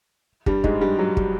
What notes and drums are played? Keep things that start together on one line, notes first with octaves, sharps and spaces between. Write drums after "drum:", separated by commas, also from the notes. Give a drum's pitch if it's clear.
G2 G3, drum: kick
G#2 G#3, drum: kick
G2 G3
F#3
G3, drum: kick